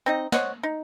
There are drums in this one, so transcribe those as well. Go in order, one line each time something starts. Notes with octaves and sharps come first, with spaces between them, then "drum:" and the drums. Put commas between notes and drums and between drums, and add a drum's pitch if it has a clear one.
C4 D#4 D#5
C5 C#5 D#5 F#5, drum: snare
D#4